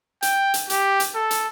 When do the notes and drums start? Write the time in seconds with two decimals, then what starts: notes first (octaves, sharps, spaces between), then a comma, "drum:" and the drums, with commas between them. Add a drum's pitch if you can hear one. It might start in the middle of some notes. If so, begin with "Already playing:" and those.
0.22 G5, drum: hi-hat
0.54 drum: hi-hat
0.70 G4, drum: hi-hat
1.00 drum: hi-hat
1.15 A4
1.31 drum: hi-hat